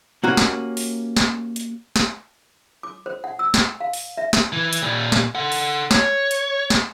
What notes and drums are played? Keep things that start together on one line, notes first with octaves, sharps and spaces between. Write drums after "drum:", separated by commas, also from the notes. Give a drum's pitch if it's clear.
A#3 C#4 F#4 G4
drum: snare
drum: open hi-hat
drum: snare
drum: hi-hat
drum: snare
D6
C5
F#5
E6
G5, drum: snare
F5
drum: open hi-hat
E5
drum: snare
E3
drum: hi-hat
A#2 G3
drum: snare
A4 F#5
drum: open hi-hat
C#5, drum: snare
drum: hi-hat
drum: snare